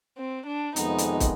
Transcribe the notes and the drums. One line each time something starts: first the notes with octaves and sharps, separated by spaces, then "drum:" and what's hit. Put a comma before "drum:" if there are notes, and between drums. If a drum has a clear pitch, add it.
C4
D4
F2 C3 D#3 G#3 B3 D#4, drum: hi-hat
drum: hi-hat
drum: kick, hi-hat